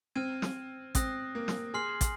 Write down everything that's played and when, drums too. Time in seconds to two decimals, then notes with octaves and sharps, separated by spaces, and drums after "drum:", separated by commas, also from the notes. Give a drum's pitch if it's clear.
0.15 C4 F6 G#6 D#7
0.42 drum: snare
0.95 C4 D#6 F#6 A#6, drum: kick, hi-hat
1.35 A#3
1.48 drum: snare
1.74 G#4 C6 F6 C7 F#7
2.01 drum: kick, hi-hat